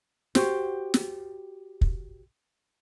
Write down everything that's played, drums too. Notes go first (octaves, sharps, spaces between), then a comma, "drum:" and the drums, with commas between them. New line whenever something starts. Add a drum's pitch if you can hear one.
F#4 G4 C5, drum: snare
drum: snare
drum: kick